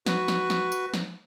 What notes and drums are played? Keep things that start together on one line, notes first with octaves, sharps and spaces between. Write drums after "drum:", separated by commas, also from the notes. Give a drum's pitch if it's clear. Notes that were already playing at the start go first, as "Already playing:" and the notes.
F#4 B4, drum: snare
drum: snare
drum: snare
drum: tambourine
drum: snare